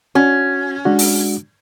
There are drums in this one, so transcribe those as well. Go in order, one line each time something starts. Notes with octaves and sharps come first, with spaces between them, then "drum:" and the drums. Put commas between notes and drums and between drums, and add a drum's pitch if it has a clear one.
C#4 F#4
G#3 D4 F#4
drum: open hi-hat